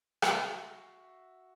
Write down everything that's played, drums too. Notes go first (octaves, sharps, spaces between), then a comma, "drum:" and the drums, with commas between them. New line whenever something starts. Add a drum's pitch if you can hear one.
F#4 E5 C7, drum: rim click